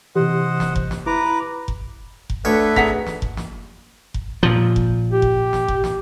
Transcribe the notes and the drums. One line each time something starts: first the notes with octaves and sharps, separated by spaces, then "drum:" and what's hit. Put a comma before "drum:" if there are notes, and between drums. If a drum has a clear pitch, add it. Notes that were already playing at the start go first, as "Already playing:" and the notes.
C3 E3 G4 C5 D#5 F#5
drum: snare
drum: kick F1
drum: snare
E4 B4 A#5 D6
drum: kick F1
drum: kick F1
D2 A4 B4 C#5 E5
G#4 F#5 A#5 B6, drum: kick F1
drum: snare
drum: kick F1
drum: snare
drum: kick F1
A#2 F3
drum: kick F1
G4
drum: kick F1
drum: snare
drum: kick F1
drum: snare